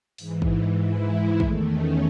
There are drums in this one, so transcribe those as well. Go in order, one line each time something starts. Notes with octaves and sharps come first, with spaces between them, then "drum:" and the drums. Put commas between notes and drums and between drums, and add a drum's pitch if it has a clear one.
G#2 E3, drum: open hi-hat
drum: kick
E4
G#3
E2 D#3 A3, drum: kick
C#4